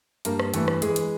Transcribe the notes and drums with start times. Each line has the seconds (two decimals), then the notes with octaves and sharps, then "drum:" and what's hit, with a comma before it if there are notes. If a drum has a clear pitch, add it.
0.25 G2 A#3 A#4, drum: hi-hat
0.40 drum: rim click
0.54 E3 A3 A4, drum: hi-hat
0.68 drum: rim click
0.82 E3 G#3 G#4, drum: hi-hat
0.96 drum: hi-hat